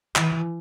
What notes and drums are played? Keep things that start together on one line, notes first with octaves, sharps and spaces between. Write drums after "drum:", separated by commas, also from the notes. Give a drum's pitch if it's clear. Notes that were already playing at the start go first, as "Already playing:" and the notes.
E3, drum: clap